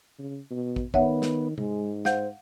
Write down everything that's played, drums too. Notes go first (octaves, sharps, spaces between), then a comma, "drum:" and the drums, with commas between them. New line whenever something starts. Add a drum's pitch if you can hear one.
C#3
B2
drum: kick
D#3 B3 C#5 E5 F#5, drum: kick
drum: snare
G#2 G#3, drum: tom
C5 F5 F#5 G6, drum: snare